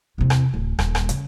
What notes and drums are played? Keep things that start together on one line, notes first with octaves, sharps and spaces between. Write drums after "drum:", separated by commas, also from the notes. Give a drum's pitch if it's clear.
E2 C3
drum: rim click
D1
D#1, drum: rim click
drum: rim click
C#3, drum: hi-hat